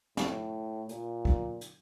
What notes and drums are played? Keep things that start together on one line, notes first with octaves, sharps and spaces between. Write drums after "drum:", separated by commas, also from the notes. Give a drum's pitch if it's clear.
A2, drum: snare
A#2, drum: hi-hat
drum: kick
drum: hi-hat